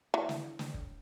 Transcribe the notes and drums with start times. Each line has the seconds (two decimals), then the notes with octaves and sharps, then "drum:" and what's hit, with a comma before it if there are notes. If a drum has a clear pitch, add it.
0.14 E3
0.29 drum: snare
0.59 drum: snare
0.74 drum: kick